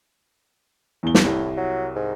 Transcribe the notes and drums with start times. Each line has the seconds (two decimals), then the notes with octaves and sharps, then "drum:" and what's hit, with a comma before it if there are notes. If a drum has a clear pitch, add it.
1.03 E2 G7
1.15 drum: snare
1.24 C2 A2
1.57 F#3
1.96 G#2